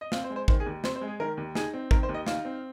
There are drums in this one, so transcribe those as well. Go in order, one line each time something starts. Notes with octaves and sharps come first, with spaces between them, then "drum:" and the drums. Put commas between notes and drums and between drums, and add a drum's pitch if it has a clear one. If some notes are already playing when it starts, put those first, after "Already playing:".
D#5
C4 F5, drum: snare
C5
G#3
C5
D#3 C5, drum: kick
G#4
D#2
C4 C5, drum: snare
C5
G#3
G#4
D#3 A#4
D#2
D#4 G#4, drum: snare
C4
D#3 A#4, drum: kick
C5
D#2
D#5
D#4 F5, drum: snare
C4